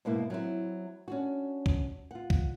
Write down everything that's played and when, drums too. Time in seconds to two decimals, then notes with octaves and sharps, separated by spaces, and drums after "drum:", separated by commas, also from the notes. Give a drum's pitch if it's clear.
0.05 G#2 B2 A#3 E4
0.30 F#3 C4 E4
1.08 C#4 D4 F#4
1.66 drum: kick
2.11 F4 F#5
2.30 drum: kick